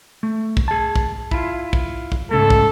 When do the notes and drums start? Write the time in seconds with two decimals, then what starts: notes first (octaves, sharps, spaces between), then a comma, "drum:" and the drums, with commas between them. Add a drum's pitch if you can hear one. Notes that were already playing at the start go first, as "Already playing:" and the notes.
0.23 A3
0.57 drum: kick
0.68 G#4 A5
0.96 drum: kick
1.31 E4 F4, drum: kick
1.73 drum: kick
2.12 drum: kick
2.31 G#2 C#3 A3 A4
2.50 drum: kick